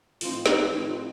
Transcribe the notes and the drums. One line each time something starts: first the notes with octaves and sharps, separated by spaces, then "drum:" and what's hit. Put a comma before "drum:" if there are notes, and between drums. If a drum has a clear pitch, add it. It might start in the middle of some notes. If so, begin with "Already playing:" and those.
A2 F3 C4 D#4 F4, drum: open hi-hat
D#4, drum: snare
A2 F3 C4 D#4
F4